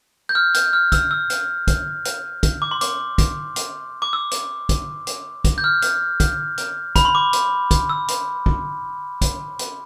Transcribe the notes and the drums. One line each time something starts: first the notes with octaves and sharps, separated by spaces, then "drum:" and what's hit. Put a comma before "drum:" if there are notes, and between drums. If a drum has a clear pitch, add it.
G6
F6
G6, drum: hi-hat
F6
E6, drum: kick, hi-hat
E6
drum: hi-hat
drum: kick, hi-hat
drum: hi-hat
drum: kick, hi-hat
D6
C6
D6, drum: hi-hat
drum: kick, hi-hat
drum: hi-hat
D6
E6
drum: hi-hat
drum: kick, hi-hat
drum: hi-hat
drum: kick, hi-hat
G6
F6
drum: hi-hat
drum: kick, hi-hat
drum: hi-hat
B5, drum: kick, hi-hat
C6
D6
drum: hi-hat
drum: kick, hi-hat
E6
drum: hi-hat
drum: kick
drum: kick, hi-hat
drum: hi-hat